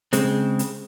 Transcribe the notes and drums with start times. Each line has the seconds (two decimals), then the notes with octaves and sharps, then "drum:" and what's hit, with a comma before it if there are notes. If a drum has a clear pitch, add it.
0.13 C#3 G#3 C4, drum: hi-hat
0.59 drum: hi-hat